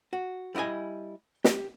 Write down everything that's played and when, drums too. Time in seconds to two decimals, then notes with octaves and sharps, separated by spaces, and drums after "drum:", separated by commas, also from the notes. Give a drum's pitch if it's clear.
0.13 F#4
0.55 G3 E4 F4 D#5 G#5
1.44 G4, drum: snare